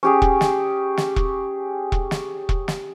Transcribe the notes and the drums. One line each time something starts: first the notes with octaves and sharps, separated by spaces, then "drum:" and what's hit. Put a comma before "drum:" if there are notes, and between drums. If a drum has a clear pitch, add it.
C#4 G4 G#4
drum: kick E1
drum: snare
drum: snare
drum: kick E1
drum: kick E1
drum: snare
drum: kick E1
drum: snare